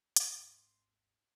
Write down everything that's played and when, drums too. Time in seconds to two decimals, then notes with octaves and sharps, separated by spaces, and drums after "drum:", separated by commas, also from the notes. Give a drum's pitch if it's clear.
0.16 G#1 D#2 C6, drum: hi-hat